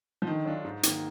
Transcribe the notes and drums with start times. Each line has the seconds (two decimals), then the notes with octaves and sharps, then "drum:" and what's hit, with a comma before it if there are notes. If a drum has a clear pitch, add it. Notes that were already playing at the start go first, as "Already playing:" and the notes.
0.22 F3
0.27 D3 D#3
0.45 F#3 D4 F4
0.65 G#2
0.83 D#3 A#3, drum: hi-hat